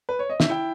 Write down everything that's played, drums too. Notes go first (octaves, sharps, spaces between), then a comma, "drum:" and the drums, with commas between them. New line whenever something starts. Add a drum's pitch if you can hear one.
B4
C#5
D#5
E5, drum: snare
E4 G5